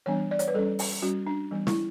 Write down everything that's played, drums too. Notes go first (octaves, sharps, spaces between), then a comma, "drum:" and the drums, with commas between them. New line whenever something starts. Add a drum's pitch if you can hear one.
E3 G3 B3 D4 C#5
D5
C#5, drum: hi-hat
B4
G3 C#4 A4
drum: open hi-hat
G3 C#4 F#4
D4
E3 G3 B3
E4, drum: snare